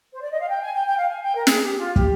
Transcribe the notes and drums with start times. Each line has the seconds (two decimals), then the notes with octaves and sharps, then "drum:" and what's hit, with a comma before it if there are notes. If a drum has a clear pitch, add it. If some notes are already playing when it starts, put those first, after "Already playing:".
0.13 C5
0.22 D5
0.31 D#5
0.40 F5
0.49 G5
0.62 G#5
0.74 G5
0.87 G5
0.99 F5
1.10 G#5
1.23 G5
1.35 A#4
1.47 G#4, drum: snare
1.63 G4
1.79 F4
1.96 G4, drum: kick